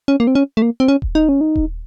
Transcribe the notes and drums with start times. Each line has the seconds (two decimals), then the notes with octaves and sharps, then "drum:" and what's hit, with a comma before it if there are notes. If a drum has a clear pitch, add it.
0.08 C#4
0.20 A#3
0.27 C4
0.35 C#4
0.57 A3
0.62 A#3
0.80 C4
0.88 C#4
1.02 drum: kick D#1
1.15 D#4
1.29 C#4
1.41 D#4
1.56 drum: kick D#1